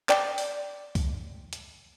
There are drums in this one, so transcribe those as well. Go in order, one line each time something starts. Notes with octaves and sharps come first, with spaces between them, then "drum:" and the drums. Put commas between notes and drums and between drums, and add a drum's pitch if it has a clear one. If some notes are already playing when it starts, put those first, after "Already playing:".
D5 G5, drum: clap
drum: open hi-hat
drum: kick, open hi-hat
drum: hi-hat